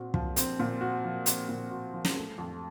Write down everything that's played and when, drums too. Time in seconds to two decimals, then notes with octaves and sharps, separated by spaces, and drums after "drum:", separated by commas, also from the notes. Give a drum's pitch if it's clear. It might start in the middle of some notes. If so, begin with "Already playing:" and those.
Already playing: A#2 C4 F#4
0.14 F3, drum: kick
0.36 C4, drum: hi-hat
0.60 A#2
0.81 F#4
1.04 F3
1.26 C4, drum: hi-hat
1.49 A#2
1.71 F#4
1.94 F3
2.05 drum: snare
2.16 A3
2.38 F2